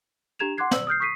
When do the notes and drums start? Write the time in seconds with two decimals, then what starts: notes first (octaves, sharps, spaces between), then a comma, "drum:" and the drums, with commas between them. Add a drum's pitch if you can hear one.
0.39 D4 G4 A#5 G#6 E7 F7
0.58 F#5 C6 D6 F#6 G#6 C7
0.71 D5 E6 F#7, drum: snare
0.87 D#6 F6 G6 C7
1.00 C#6 D#6 B6 C7 D#7